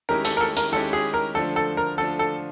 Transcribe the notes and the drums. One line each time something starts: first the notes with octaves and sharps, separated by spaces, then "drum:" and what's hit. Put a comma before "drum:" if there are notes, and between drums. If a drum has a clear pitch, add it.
D#3 G#3 C#4 E4 G4 A#4
A4, drum: hi-hat
A#4
A4
A#4, drum: hi-hat
D#3 G#3 C#4 E4 G4 A4
G#4
A#4
D3 F3 A3 D4 F4 A4
A4
A#4
D3 F3 A3 D4 F4 A4
A4